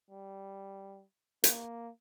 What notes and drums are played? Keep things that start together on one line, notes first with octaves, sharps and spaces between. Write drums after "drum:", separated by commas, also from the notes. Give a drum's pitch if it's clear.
G3
A#3, drum: hi-hat